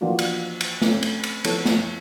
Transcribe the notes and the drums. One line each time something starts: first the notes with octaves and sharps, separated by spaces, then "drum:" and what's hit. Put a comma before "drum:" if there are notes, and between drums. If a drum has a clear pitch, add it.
E3 F3 A#3 D4 F4 F#4
drum: cymbal
drum: cymbal
A3 C4 C#4, drum: snare
drum: cymbal
drum: cymbal
F3 B3 E4 A4 C#5, drum: cymbal
drum: snare